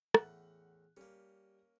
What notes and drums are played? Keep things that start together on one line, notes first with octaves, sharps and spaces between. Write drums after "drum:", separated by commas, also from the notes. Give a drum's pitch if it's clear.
E2 A2 F#5 F#6, drum: rim click
G3 A#3 C#4